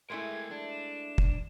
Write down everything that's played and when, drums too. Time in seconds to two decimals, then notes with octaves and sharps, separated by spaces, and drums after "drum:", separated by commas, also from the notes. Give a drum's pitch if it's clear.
0.10 G#3 A3 E4 A#4 G5 G#5 G#6
0.51 D4
0.71 E7
1.18 drum: kick